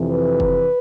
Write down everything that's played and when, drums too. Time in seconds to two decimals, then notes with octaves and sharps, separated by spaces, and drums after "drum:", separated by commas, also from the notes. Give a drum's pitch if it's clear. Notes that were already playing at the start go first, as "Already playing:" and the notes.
Already playing: F2 C3 E3
0.11 B4
0.40 drum: kick